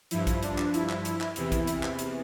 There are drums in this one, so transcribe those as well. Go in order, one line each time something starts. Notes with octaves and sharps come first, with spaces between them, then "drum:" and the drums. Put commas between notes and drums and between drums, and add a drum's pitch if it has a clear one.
G2 F3 E4, drum: hi-hat
drum: kick A#1, hi-hat
D4, drum: hi-hat
drum: clap
E4, drum: hi-hat
drum: clap
drum: hi-hat
drum: clap
E2 C3 E3 E4, drum: hi-hat
drum: kick A#1, hi-hat
drum: hi-hat
drum: clap
drum: hi-hat